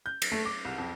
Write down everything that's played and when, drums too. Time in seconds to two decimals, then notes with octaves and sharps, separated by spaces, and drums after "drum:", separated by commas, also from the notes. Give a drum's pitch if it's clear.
0.06 G6
0.22 drum: cymbal
0.32 A3
0.45 D6
0.65 C2
0.78 F2